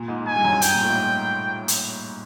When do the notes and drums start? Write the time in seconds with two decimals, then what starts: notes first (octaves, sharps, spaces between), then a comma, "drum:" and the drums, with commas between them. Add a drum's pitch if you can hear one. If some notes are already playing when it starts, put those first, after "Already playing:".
Already playing: A#2
0.08 G#2
0.26 G#2 G#5
0.35 G2
0.44 F#2
0.53 G2
0.62 G5, drum: hi-hat
0.74 A#2
0.82 A2
0.89 G#2
1.68 drum: hi-hat